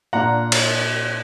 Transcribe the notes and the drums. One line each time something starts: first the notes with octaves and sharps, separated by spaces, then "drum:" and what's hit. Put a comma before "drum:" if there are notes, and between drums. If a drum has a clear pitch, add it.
A#2 A#3 D4 F#5 A#5
drum: cymbal